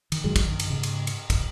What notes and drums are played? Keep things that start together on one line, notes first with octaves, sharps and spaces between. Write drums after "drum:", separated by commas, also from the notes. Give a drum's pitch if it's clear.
D#3, drum: cymbal
G#2 D#3 F#3 G#3
drum: kick, cymbal
G2 D#3
drum: cymbal
G#2 C#3
drum: cymbal
drum: cymbal
D1, drum: kick, cymbal